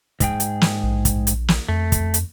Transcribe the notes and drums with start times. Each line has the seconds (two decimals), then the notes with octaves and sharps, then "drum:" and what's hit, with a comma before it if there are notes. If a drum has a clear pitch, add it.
0.20 G#2 G#4 G5, drum: kick, hi-hat
0.40 drum: hi-hat
0.61 drum: snare
0.83 A#1
1.05 drum: kick, hi-hat
1.27 drum: hi-hat
1.48 drum: snare
1.69 F2 A3
1.92 drum: kick, hi-hat
2.14 drum: hi-hat